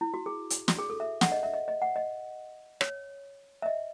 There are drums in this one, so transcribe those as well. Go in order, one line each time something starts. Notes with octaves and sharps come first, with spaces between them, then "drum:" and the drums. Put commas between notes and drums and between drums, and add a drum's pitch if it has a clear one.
E4
F#4
G#4
drum: hi-hat
F#4, drum: snare
G#4
A4
E5
F#5, drum: snare
D#5
E5
D#5
D#5
F#5
D#5
C#5, drum: rim click
E5
D#5